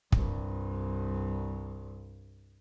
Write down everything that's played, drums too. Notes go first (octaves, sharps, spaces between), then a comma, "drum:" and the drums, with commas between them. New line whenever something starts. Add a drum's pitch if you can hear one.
C2 G2, drum: kick